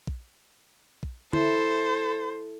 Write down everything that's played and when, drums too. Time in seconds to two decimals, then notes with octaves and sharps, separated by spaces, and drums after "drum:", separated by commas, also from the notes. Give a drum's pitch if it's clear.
0.07 drum: kick
1.03 drum: kick
1.33 E4 A4 C5, drum: tom D3